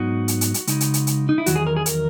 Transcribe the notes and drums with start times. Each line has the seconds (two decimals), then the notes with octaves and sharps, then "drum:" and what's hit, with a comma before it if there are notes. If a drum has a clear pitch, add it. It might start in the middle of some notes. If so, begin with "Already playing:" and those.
Already playing: G#2 F#3 B3 D#4 F#4
0.28 drum: hi-hat
0.41 drum: hi-hat
0.54 drum: hi-hat
0.67 C#3 G#3 D#4, drum: hi-hat
0.80 drum: hi-hat
0.94 drum: hi-hat
1.07 drum: hi-hat
1.29 D#4
1.38 E4
1.46 E2 D#3 F#3 F#4, drum: hi-hat
1.56 G#4
1.67 A#4
1.76 G#4
1.86 A#4, drum: hi-hat